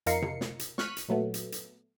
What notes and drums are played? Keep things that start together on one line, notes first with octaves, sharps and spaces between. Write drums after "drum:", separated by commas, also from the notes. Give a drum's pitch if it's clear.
F2 D#4 F4 A#4 C7 C#7, drum: hi-hat
drum: tom C3
drum: snare
drum: hi-hat
C#6 F6 F#6 B6 D#7, drum: snare
drum: hi-hat
A#2 F#3 A3 B3
drum: hi-hat
drum: hi-hat